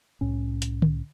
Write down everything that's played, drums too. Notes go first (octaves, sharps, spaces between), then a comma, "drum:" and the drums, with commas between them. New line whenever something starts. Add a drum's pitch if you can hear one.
C2 A2 C#4
drum: hi-hat
drum: tom D3